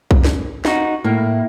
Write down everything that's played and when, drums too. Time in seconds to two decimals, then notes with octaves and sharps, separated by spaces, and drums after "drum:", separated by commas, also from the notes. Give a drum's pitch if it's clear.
0.11 drum: kick A#1
0.25 drum: snare
0.65 D#4 F#4, drum: snare
1.04 A2 A#3 E4